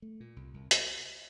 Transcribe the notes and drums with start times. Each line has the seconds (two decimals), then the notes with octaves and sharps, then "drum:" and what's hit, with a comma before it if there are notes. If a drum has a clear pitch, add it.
0.02 A3
0.20 A#2
0.36 C2
0.54 C2
0.71 drum: hi-hat